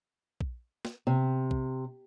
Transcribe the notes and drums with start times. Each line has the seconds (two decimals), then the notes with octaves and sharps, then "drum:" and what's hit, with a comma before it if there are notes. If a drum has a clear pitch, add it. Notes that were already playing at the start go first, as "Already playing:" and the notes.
0.41 drum: kick
0.85 drum: snare
1.07 C3
1.51 drum: kick